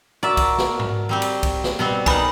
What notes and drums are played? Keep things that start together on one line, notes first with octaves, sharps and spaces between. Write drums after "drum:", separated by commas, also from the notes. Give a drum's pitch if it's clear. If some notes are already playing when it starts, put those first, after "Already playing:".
F#4 A#4 D5 E5 A5
drum: kick C2, cymbal
drum: snare
drum: tom G#2
G3 C4 G4
drum: cymbal
drum: kick C2, cymbal
drum: snare
B2 G3 C4
D#4 A#4 B4 D#5 F#5 G#5 B5, drum: kick C2, cymbal